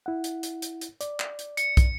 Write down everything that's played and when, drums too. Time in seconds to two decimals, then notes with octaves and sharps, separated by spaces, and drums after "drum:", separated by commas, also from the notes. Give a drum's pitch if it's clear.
0.06 E4 F#5
0.24 drum: hi-hat
0.43 drum: hi-hat
0.62 drum: hi-hat
0.81 drum: hi-hat
1.01 D5, drum: hi-hat
1.20 drum: clap
1.39 drum: hi-hat
1.57 C#7, drum: hi-hat
1.77 drum: kick, hi-hat